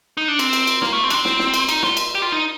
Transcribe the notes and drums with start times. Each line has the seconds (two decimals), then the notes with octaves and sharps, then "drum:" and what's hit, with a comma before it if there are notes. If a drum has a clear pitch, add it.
0.17 D#4
0.28 D4
0.39 C4, drum: cymbal
0.53 drum: cymbal
0.67 drum: cymbal
0.82 A#3, drum: snare
0.92 A3
1.03 C4
1.10 D4, drum: cymbal
1.15 C4
1.25 drum: snare
1.39 drum: snare
1.54 drum: cymbal
1.69 D#4, drum: cymbal
1.83 F4, drum: snare
1.97 drum: cymbal
2.15 G4
2.22 F4
2.32 D#4